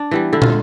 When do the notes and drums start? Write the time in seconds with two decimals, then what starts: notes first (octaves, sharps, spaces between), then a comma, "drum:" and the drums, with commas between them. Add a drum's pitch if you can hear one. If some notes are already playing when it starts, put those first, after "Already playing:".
Already playing: D4
0.11 E3 G3 B3
0.33 D3 E4
0.42 F4, drum: tom